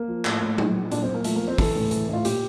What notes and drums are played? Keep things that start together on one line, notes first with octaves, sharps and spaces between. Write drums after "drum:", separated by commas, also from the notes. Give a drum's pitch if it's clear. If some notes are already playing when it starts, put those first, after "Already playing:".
Already playing: A#3
F3
A2, drum: clap
A2
A#2, drum: tom F#3
F3
A#2 D4, drum: hi-hat
C4
A#2
A#3
F3 A3, drum: hi-hat
A#3
F3
C4
E3 A4, drum: kick, open hi-hat
A2
E3, drum: hi-hat
A2 F4
A#2 G4, drum: hi-hat